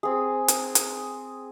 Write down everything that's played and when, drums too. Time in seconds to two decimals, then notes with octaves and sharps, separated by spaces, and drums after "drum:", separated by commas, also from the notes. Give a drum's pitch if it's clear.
0.03 C4 G#4
0.48 drum: hi-hat
0.75 drum: hi-hat